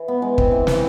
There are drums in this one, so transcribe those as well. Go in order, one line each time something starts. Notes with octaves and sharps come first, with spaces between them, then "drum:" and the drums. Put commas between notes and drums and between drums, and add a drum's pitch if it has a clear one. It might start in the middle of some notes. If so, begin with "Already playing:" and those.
Already playing: E3
B3
G#3
C4, drum: kick
E3
E3, drum: snare